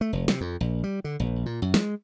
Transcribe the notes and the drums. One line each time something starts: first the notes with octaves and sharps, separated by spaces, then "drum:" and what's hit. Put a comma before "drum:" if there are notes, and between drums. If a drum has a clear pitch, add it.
A3
F1
C3, drum: snare
F2
A#1
G3
D3
A#1
A#2
F#2
G#3, drum: snare